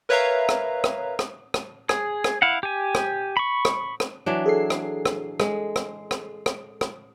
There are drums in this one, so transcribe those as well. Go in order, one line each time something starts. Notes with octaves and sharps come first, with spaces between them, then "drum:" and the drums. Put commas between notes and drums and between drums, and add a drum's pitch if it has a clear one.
A#4 B4 C#5 E5 F5 A#5
drum: rim click
drum: rim click
drum: rim click
drum: rim click
G#4, drum: rim click
drum: rim click
E4 F5 F#5
G4 G#5
drum: rim click
B5 C#6
drum: rim click
drum: rim click
E3 F#3 D4
G#4 A4 C7
drum: rim click
drum: rim click
G#3, drum: rim click
drum: rim click
drum: rim click
drum: rim click
drum: rim click